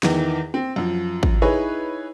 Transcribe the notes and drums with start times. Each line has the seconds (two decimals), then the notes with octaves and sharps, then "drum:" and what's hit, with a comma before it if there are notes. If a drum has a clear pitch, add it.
0.03 E2 D#3 E3, drum: snare
0.54 C4
0.76 F#2 F3
1.23 drum: kick
1.42 D#4 E4 G#4 B4 C#5